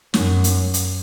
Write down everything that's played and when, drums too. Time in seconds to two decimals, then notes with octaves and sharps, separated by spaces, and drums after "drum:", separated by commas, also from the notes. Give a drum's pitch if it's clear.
0.14 F#2, drum: snare
0.44 drum: hi-hat
0.74 drum: hi-hat